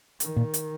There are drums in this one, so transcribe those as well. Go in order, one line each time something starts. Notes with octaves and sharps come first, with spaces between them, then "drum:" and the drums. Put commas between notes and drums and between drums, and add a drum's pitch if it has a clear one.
D#3, drum: hi-hat
A#2
drum: hi-hat